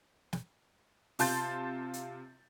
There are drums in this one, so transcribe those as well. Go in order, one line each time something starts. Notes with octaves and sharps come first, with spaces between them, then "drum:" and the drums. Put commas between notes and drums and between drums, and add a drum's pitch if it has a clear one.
drum: snare
C3 F4 A5 C6 G6 A6, drum: open hi-hat
drum: hi-hat